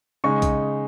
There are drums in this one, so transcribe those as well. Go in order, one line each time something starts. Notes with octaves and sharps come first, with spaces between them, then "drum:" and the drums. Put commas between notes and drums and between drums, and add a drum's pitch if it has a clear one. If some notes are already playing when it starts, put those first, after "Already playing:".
C#3 G#3 D#4 C#6
drum: kick, hi-hat